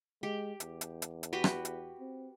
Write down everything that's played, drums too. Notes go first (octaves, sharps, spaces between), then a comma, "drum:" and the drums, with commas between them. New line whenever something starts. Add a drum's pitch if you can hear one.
G#3 G4
E2, drum: hi-hat
drum: hi-hat
drum: hi-hat
drum: hi-hat
F#4 G4 B4
drum: rim click
drum: hi-hat
C4